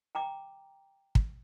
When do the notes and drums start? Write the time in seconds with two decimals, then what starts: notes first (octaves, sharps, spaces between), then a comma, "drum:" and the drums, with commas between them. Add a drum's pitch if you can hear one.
0.15 G5 A#5 D6
1.15 drum: kick